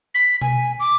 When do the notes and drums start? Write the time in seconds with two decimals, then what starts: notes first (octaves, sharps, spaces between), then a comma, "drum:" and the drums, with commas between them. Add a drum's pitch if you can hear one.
0.14 B6
0.41 G#5, drum: tom B2
0.80 D6